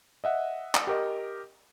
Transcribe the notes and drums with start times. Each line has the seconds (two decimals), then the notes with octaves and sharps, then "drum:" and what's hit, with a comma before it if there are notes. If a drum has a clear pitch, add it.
0.24 D#5 E5 F#5
0.75 drum: clap
0.87 G4 A#4 D#5